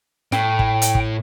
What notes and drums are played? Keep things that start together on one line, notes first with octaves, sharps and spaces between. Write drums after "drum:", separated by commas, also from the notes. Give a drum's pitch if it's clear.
A2 G5, drum: snare
drum: kick
drum: hi-hat
drum: kick